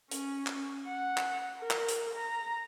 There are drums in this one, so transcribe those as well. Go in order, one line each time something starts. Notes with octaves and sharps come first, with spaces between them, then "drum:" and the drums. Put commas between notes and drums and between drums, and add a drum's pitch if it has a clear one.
C#4, drum: hi-hat
drum: clap
F#5
drum: clap
A#4
drum: clap
drum: hi-hat
A#5